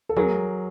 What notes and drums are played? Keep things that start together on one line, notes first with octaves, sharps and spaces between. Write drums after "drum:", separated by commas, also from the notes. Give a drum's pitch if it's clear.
A4
F#3 G#4 A#4, drum: tom